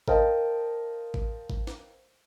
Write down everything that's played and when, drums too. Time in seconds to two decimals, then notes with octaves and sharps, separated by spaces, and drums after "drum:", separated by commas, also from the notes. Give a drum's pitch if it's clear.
0.08 A#4 C5 D#5 F5 G5 A5, drum: kick G#1
1.14 drum: kick G#1
1.50 drum: kick G#1
1.67 drum: snare